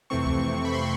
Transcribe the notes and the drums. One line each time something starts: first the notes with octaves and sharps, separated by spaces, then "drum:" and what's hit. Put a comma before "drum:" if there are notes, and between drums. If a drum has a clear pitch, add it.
F2 C3 E3 A3 C4 C#6
drum: kick C#2
B5
C6